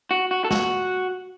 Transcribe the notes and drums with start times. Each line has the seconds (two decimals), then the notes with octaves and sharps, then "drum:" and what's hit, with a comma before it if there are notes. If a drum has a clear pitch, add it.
0.11 F#4
0.31 F#4
0.44 A4
0.51 F#4, drum: snare